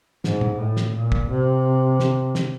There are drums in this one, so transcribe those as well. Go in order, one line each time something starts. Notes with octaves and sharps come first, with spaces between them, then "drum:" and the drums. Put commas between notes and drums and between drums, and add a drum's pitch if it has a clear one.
G#2, drum: snare
drum: tom
A2
drum: snare
A#2
drum: kick
C3
drum: snare
drum: snare